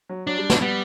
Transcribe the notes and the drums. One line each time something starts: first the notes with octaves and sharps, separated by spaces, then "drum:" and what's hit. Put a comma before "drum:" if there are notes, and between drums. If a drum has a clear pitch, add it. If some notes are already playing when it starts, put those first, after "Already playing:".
F#3
F#3 D4
G3
A3, drum: snare
G3 B3